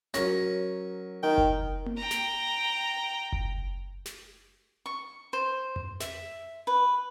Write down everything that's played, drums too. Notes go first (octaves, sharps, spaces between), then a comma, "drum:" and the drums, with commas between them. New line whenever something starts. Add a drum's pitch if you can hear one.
F#3 C#4 A#4 A#6, drum: snare
D#3 G5
drum: kick F#1
drum: tom A#3
G5 A#5
drum: snare
drum: kick F#1
drum: snare
C#6
C5
drum: tom F2
E5, drum: snare
B4